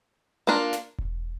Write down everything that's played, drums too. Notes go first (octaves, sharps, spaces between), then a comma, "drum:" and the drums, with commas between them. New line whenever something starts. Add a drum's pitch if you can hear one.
A#3 D4 F4 A#4
drum: snare
drum: kick E1